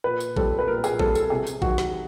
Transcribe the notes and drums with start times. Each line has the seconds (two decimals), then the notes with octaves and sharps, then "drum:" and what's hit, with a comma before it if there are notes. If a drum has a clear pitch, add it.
0.04 A#2 B4
0.20 drum: tambourine
0.36 G3 C4 A4, drum: kick A1
0.59 B4
0.67 A#2 A#4
0.84 G#4, drum: tambourine
0.99 G3 C4 A4, drum: kick A1
1.15 A4, drum: tambourine
1.30 C3 G#4
1.47 drum: tambourine
1.62 D#3 F#3 F#4, drum: kick A1
1.78 drum: snare